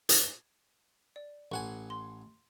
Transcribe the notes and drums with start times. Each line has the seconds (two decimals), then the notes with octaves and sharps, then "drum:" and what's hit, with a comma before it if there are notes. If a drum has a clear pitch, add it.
0.09 G#6, drum: hi-hat
1.16 D5
1.52 A1 F#5 G#5 C#6
1.90 C6